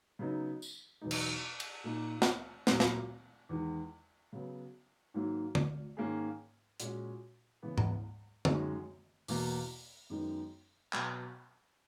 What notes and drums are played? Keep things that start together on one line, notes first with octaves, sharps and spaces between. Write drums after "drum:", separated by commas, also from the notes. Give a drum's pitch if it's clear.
C#3 F#3 B3 D#4
drum: tambourine
E2 B2 F#3 B3 D#4
drum: cymbal
drum: cymbal
A#2 A#3 D#4
drum: snare
A#2 F#3 A#3, drum: snare
drum: snare
E2 D#3 G#3
C#3 F#3 B3
G#2 D#3 F#3 A#3
drum: tom
G#2 D#3 A#3 C#4 G#4
A#2 G#3 C#4 F#4, drum: hi-hat
C#3 E3 B3
drum: tom G#2
F#2 D#3 G#3 C#4 F#4, drum: tom
E2 B2 A#3, drum: open hi-hat
F#2 D#3 G#3 B3 D#4
B2 F#3 B3, drum: clap